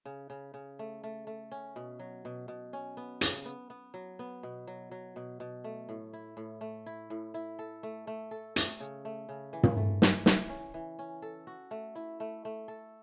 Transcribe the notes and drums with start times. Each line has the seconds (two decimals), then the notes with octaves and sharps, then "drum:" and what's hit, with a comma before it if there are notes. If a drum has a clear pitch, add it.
0.05 C#3
0.30 C#3
0.54 C#3
0.79 A3
1.04 A3
1.27 A3
1.51 C#4
1.76 B2
1.99 F#3
2.25 B2
2.48 B2
2.73 C#4
2.97 B3
3.21 C#3, drum: hi-hat
3.45 B3
3.70 B3
3.94 F#3
4.19 B3
4.43 B2
4.67 F#3
4.91 F#3
5.16 B2
5.40 B2
5.64 A3
5.89 A2
6.13 E4
6.37 A2
6.61 A3
6.86 E4
7.10 A2
7.34 E4
7.59 A4
7.83 A3
8.07 A3
8.31 A4
8.56 A3, drum: hi-hat
8.80 C#3
9.05 A3
9.29 C#3
9.53 E3
9.63 drum: tom
9.77 A3
10.02 E3, drum: snare
10.26 E3, drum: snare
10.50 C#4
10.74 E3
10.99 C#4
11.22 A4
11.47 F#4
11.71 A3
11.95 E4
12.20 A3
12.45 A3
12.68 A4